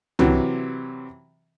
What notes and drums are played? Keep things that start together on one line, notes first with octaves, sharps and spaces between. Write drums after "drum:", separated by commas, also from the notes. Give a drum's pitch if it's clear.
C3 E3 F#3, drum: tom